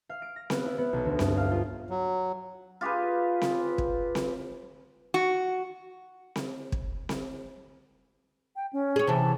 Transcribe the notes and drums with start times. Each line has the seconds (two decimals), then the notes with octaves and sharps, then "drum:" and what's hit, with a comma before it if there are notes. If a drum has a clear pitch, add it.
0.09 F5
0.22 D7
0.36 A#6
0.50 B3, drum: snare C4
0.66 E4
0.78 B3
0.93 B1
1.05 D2
1.19 G2, drum: snare C4
1.37 F5
1.51 F4
1.90 F#3
2.81 F4 G4 G#4 B4
3.42 drum: snare C4
3.78 drum: kick
4.15 drum: snare C4
5.14 F#4
6.36 drum: snare C4
6.72 drum: kick
7.09 drum: snare C4
8.56 G5
8.73 C#4
8.96 G#4 C#5
9.07 C3 E3 A5